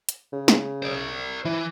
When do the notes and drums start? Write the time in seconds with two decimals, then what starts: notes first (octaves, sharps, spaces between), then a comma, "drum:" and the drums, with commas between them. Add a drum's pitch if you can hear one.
0.09 drum: hi-hat
0.33 C#3
0.48 drum: snare
0.82 C5 D5
1.45 E3 E4